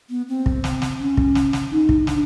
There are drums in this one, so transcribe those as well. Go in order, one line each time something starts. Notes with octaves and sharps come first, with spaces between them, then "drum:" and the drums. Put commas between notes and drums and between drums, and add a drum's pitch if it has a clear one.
B3
C4
drum: kick
drum: snare
drum: snare
C#4
drum: kick
drum: snare
drum: snare
D#4
drum: kick
D4, drum: snare